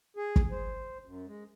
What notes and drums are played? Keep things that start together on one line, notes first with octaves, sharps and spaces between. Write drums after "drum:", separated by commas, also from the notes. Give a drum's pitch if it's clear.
G#4
drum: kick
C5
F#2
G#3